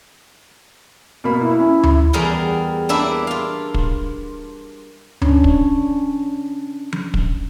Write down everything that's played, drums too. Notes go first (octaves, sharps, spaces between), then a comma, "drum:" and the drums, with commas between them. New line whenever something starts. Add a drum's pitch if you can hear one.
B2 A#3 B5
E4
C#4
drum: tom D2
E2 G3 G#4 A#4 F#5 G5
A#3 D4 E4 E5
F4 F5
drum: kick
C#4 D4, drum: tom D2
drum: kick
drum: tom F3
drum: kick